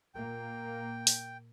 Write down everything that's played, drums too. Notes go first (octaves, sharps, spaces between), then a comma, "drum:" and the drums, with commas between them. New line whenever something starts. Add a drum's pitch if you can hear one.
A#2 A#3 G5
drum: open hi-hat